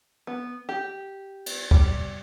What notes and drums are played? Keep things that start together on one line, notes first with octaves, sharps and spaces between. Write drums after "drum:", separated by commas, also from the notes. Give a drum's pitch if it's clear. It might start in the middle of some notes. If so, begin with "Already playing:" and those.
B3
G4
drum: cymbal
G3, drum: kick